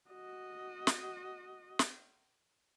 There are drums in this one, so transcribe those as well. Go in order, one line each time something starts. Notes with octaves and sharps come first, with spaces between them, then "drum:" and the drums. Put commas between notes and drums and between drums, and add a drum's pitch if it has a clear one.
F#4 D#5
drum: snare
drum: snare